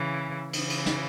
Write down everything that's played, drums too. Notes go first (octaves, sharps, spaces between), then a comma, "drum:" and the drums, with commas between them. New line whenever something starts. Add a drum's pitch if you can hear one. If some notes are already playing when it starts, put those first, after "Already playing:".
Already playing: C#3 E3
C#3 E3, drum: cymbal
drum: cymbal
drum: snare